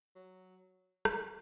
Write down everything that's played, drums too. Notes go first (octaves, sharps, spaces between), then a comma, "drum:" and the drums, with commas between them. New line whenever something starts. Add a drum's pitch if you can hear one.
F#3
drum: rim click